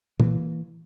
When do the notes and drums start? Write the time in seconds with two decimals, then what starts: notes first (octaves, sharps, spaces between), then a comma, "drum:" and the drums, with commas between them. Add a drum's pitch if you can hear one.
0.20 E3 A#3, drum: tom